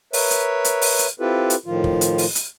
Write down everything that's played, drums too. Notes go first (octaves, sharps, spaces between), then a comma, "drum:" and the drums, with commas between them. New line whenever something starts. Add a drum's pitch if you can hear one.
A#4 B4 C#5 E5, drum: open hi-hat
drum: hi-hat
drum: hi-hat
drum: open hi-hat
drum: hi-hat
C4 E4 F4 G4 A4 B4
drum: hi-hat
A2 D#3 F3 F4
drum: kick
drum: hi-hat
drum: open hi-hat
drum: hi-hat